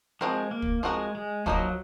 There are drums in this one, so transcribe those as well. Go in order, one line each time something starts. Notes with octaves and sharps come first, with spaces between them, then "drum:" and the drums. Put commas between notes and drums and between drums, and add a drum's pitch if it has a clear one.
F3 G#3 C4 F#4 A#4
A#3
drum: kick
F3 G#3 C4 F#4 A#4
G#3
F3 F#3 A#3 D#4 A#4 D#5, drum: kick